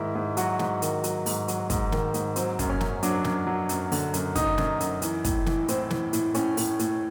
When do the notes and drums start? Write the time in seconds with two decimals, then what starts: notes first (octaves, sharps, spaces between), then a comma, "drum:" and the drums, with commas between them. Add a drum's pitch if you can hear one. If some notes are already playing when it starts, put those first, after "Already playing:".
Already playing: G#2 D#3 E4
0.15 G#2
0.37 F#3 F#4, drum: hi-hat
0.59 G#2, drum: snare
0.82 D#3, drum: hi-hat
1.04 F#3, drum: hi-hat
1.26 G#2, drum: open hi-hat
1.48 F#3, drum: hi-hat
1.70 G#2, drum: kick, hi-hat
1.92 D#3, drum: snare
2.14 G#2, drum: hi-hat
2.36 F#3 C4, drum: hi-hat
2.59 F#2, drum: kick, hi-hat
2.69 C#4
2.81 F#2, drum: snare
3.03 F#3 D4, drum: hi-hat
3.24 F#2, drum: snare
3.47 F#3
3.69 F#2, drum: hi-hat
3.92 D3, drum: open hi-hat
4.14 F#2, drum: hi-hat
4.35 F#2 D#4, drum: kick, hi-hat
4.58 F#2, drum: snare
4.80 F#2, drum: hi-hat
5.02 E3, drum: hi-hat
5.24 A2, drum: kick, hi-hat
5.46 E3, drum: snare
5.68 A2 C4, drum: hi-hat
5.91 E3, drum: snare
6.13 A2, drum: hi-hat
6.34 A2 C#4, drum: hi-hat
6.57 A2, drum: open hi-hat
6.79 A2, drum: hi-hat